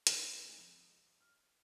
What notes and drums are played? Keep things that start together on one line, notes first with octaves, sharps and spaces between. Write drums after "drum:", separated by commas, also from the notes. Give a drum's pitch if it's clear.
D#2 E3 G5 D6, drum: hi-hat
D#2 C3 G#3
F2
F6